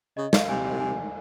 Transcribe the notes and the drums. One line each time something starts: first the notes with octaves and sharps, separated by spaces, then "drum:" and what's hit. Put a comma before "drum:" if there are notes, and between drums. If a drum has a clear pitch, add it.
C#3 D#5
F5, drum: snare
C3 G#5
G#5
G#5